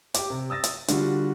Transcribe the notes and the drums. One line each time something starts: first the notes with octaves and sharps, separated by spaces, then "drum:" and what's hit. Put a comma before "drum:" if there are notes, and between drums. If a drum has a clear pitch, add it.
G4 D6, drum: hi-hat
C3
D#6 E6 A6 A#6
drum: hi-hat
D3 G3 F4 F#4, drum: hi-hat